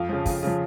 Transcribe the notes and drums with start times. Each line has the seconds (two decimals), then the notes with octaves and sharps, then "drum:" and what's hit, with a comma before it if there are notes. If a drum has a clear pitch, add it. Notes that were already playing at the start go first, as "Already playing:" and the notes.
Already playing: F2 F5
0.09 C#3 F3
0.26 F2, drum: kick, open hi-hat
0.43 C#3 F3